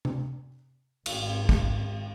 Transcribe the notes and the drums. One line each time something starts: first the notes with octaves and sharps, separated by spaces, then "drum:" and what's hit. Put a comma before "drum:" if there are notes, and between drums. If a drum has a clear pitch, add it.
drum: tom C3
G#1, drum: cymbal
drum: kick